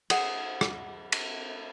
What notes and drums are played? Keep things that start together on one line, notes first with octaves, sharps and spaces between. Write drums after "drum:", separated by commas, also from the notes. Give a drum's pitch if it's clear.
G#4 F#5, drum: cymbal
drum: rim click
drum: cymbal